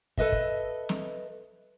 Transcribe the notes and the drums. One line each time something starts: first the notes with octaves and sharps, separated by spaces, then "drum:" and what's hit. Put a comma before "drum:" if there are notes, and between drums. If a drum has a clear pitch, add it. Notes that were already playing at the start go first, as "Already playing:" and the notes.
A4 B4 D#5 E5, drum: kick
drum: kick
drum: snare